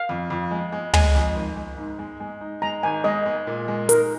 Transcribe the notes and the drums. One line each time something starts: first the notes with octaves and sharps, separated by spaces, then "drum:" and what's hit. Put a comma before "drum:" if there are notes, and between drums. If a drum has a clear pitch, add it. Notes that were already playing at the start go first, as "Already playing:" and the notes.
Already playing: F5
F2
F2
G#3
G#3
G#3 G#5, drum: tom
F2
G#1
G#3
G#2
G#3
G#3
D#4
G#3 A#5
G#1 G#5
G#3 D#5
G#3
A#2
G#3
D#4 A#4, drum: hi-hat